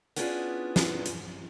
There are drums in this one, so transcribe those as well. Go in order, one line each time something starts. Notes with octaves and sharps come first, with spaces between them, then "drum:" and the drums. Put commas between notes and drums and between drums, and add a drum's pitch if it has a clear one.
B3 C#4 D4 E4 F4 G#4, drum: hi-hat
drum: snare
drum: hi-hat